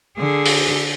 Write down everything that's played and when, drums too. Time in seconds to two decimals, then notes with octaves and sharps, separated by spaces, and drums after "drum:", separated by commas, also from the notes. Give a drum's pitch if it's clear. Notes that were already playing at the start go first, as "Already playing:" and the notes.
0.18 D3 G#4
0.45 drum: open hi-hat